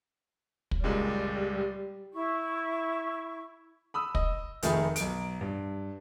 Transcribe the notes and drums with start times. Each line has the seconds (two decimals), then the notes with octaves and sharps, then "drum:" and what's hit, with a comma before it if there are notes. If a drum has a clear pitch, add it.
0.71 drum: kick
0.84 C#2 A#2 G3 G#3
2.13 E4 C#6
3.94 B5 D#6 E6
4.15 D#5, drum: kick
4.62 F1 D#3 A3 G#4 B5, drum: hi-hat
4.96 B1 D7, drum: hi-hat
5.41 G2